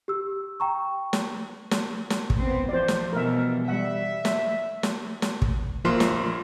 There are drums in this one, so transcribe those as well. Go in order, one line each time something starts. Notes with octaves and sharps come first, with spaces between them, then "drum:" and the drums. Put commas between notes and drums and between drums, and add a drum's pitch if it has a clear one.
G4 E6
G5 A#5 C#6
drum: snare
drum: snare
drum: snare
drum: kick
B3 C4
E3 F3 C5 D5
drum: snare
B2 E3 G3 A#4 E5
G3 E5 F#5
drum: snare
drum: snare
drum: snare
drum: kick
A#1 F3 A#3 C6
drum: snare